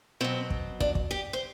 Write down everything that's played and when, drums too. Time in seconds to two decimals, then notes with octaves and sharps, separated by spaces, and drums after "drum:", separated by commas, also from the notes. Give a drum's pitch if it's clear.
0.21 B2 F#3 C4
0.50 drum: kick
0.80 D4, drum: kick
0.95 drum: kick
1.11 G4
1.33 C5